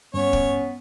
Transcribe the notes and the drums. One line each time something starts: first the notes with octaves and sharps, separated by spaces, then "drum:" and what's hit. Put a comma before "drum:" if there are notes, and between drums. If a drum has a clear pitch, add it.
G2 B3 C#4 C#5
drum: kick